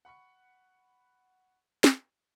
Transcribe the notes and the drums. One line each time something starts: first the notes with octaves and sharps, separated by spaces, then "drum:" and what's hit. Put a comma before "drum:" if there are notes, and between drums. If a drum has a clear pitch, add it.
F#5 B5 C#6 C#7
drum: snare